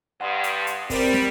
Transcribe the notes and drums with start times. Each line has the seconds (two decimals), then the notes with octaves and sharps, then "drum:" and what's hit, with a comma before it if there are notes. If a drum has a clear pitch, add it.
0.21 G2 F#5 C6 D#6
0.44 drum: hi-hat
0.67 drum: hi-hat
0.90 G3 C4 A#4 C5, drum: kick, open hi-hat
1.13 drum: snare